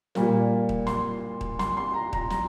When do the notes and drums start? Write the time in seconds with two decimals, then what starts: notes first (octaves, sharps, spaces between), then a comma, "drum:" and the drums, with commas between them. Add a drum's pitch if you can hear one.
0.15 A#2 G3 A#3, drum: snare
0.69 drum: kick D#1
0.87 C6, drum: snare
1.41 drum: kick D#1
1.59 C6, drum: snare
1.77 C6
1.94 A#5
2.13 A#5, drum: kick D#1
2.30 A#5, drum: snare